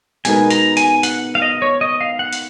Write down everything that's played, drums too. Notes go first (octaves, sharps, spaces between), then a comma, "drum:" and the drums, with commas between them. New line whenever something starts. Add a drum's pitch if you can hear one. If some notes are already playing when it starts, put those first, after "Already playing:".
B2 G#3 B3 D#4 A#4 G#5, drum: hi-hat
A#5, drum: hi-hat
G#5, drum: hi-hat
F#5, drum: hi-hat
F5
D#5
C#5
D#5
F5
F#5
drum: hi-hat